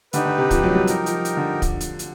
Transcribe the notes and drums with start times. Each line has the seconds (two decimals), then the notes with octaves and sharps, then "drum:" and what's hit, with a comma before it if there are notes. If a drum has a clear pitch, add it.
0.13 D3 D#4 G4 B4, drum: hi-hat
0.25 D3
0.38 C3
0.51 F3, drum: kick, hi-hat
0.63 F#3
0.75 G3
0.87 F3 D#4 G4 A#4, drum: hi-hat
1.06 F3, drum: hi-hat
1.25 drum: hi-hat
1.37 D3
1.62 drum: kick, hi-hat
1.81 drum: hi-hat
1.99 drum: hi-hat